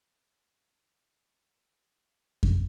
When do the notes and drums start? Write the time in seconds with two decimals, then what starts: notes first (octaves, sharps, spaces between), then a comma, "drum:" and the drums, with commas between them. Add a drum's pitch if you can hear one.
0.23 E4 A4 A#4 C5 C#5
2.43 drum: kick F2